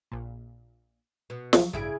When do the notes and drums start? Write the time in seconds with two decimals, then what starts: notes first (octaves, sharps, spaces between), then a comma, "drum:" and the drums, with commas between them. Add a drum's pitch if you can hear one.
0.12 A#1 A#2
1.30 B2
1.53 C#2 F3 F#3, drum: snare
1.73 A1 G2 C#3 E4 G#4 D7